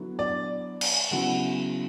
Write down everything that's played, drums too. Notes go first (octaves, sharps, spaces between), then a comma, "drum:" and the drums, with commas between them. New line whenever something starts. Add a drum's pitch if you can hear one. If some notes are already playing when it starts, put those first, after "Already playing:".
Already playing: D3 F#3 B3 E4
D5
drum: cymbal
C#3 F#3 B3 E4 F#5